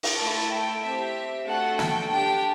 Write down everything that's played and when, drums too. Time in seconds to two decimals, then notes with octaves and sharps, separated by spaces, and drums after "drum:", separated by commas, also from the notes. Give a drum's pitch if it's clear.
0.03 drum: open hi-hat
0.20 A3 E4 A4 A5
0.52 G5
0.83 C4 G4 E5
1.46 A3 D4 F#4 A4 F#5
1.79 G5, drum: snare
2.10 D4 G4 G5